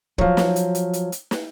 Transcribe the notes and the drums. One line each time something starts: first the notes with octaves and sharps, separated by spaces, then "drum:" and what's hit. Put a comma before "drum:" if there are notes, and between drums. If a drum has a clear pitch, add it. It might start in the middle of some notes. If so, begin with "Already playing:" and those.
F3 F#3, drum: kick
drum: snare
drum: hi-hat
drum: hi-hat
drum: hi-hat
drum: hi-hat
drum: snare